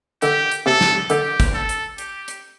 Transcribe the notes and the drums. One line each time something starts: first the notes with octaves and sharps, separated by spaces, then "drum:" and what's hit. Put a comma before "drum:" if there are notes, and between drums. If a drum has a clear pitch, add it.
D3 G4, drum: hi-hat
drum: hi-hat
C3 A4
drum: snare
D3 G4, drum: hi-hat
drum: kick, hi-hat
A4
drum: hi-hat
G4, drum: hi-hat
drum: hi-hat